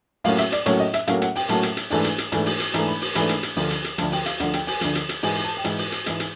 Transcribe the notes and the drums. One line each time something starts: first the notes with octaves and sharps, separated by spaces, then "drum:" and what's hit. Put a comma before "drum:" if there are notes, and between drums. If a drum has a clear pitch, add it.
A2 F#3 A#3 C#4 F5, drum: open hi-hat
E5, drum: hi-hat
D5, drum: hi-hat
A2 F#3 A#3 C#4 C#5, drum: hi-hat
D#5
E5, drum: hi-hat
A2 F#3 A#3 C#4 F5, drum: hi-hat
F#5, drum: hi-hat
G5, drum: open hi-hat
A2 F#3 A#3 C#4 A5, drum: hi-hat
drum: hi-hat
drum: hi-hat
G#2 E3 A3 D4 G#5, drum: open hi-hat
drum: hi-hat
drum: hi-hat
G#2 E3 A3 D4, drum: hi-hat
drum: open hi-hat
drum: hi-hat
G#2 E3 A3 D4 A#5, drum: hi-hat
B5
drum: open hi-hat
G#2 E3 A3 D4 B5, drum: hi-hat
drum: hi-hat
drum: hi-hat
D2 D3 F3, drum: open hi-hat
drum: hi-hat
drum: hi-hat
D2 D3 F3 A5, drum: hi-hat
G5, drum: open hi-hat
F5, drum: hi-hat
D2 D3 F3 F#5, drum: hi-hat
G5, drum: hi-hat
G#5, drum: open hi-hat
D2 D3 F3, drum: hi-hat
drum: hi-hat
drum: hi-hat
G#2 E3 G#3 G#5, drum: open hi-hat
A5
G5
G#2 E3 G#3 G#5, drum: hi-hat
drum: open hi-hat
drum: hi-hat
G#2 E3 G#3, drum: hi-hat
drum: hi-hat